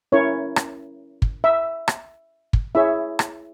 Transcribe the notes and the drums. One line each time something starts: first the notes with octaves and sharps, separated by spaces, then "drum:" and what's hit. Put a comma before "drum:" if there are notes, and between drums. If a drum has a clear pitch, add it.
C#4 E4 A#4 C#5
drum: rim click
drum: kick
E5
drum: rim click
drum: kick
E4 G#4 C#5 E5
drum: rim click